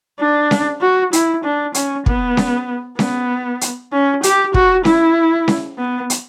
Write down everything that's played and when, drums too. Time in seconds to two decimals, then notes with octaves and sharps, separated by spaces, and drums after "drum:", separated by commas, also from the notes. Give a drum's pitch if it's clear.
0.20 D4
0.51 drum: snare C#4
0.81 F#4
1.13 E4, drum: hi-hat
1.44 D4
1.74 C#4, drum: hi-hat
2.06 B3, drum: kick
2.37 drum: snare C#4
2.99 B3, drum: snare C#4
3.61 drum: hi-hat
3.92 C#4
4.23 G4, drum: hi-hat
4.54 F#4, drum: kick
4.85 E4, drum: snare C#4
5.48 drum: snare C#4
5.78 B3
6.10 drum: hi-hat